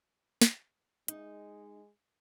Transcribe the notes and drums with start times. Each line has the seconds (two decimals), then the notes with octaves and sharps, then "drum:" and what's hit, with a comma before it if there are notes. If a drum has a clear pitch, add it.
0.42 drum: snare
1.08 G#3 D#4, drum: hi-hat